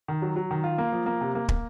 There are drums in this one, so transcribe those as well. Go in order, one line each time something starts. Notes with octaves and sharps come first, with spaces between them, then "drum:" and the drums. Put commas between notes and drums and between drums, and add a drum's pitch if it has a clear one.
D#3
F#3
F#3
D#3
F4
A#3
F3
A#3
C3
A#3
A#3, drum: kick